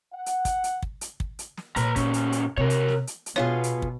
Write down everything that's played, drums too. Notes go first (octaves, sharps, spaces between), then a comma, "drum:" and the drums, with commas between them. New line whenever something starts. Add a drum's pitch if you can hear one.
F#5
drum: hi-hat
drum: kick, hi-hat
drum: hi-hat
drum: kick
drum: hi-hat
drum: kick
drum: hi-hat
drum: snare
A#2 B4 A#5, drum: hi-hat
E2 C#4, drum: kick, hi-hat
drum: hi-hat
drum: hi-hat
C3 A#4 C#5
drum: hi-hat
drum: snare
drum: hi-hat
drum: hi-hat
B2 B3 F4 G#4 C#5
drum: hi-hat
drum: kick